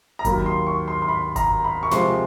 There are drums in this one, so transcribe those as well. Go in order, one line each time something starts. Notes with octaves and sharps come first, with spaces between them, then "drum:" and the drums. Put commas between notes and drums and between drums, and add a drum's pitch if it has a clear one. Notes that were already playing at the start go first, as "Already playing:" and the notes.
A#5
D#2 D#3 F#3 A#3 B5, drum: kick G1, hi-hat
C6
C#6
C6
C6
B5
A#5, drum: kick G1, hi-hat
B5
C#6
C3 F3 G#3 C4 C6, drum: snare